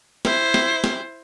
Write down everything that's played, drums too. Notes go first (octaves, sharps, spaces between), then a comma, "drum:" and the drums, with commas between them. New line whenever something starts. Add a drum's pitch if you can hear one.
E4 C5, drum: snare
drum: snare
drum: snare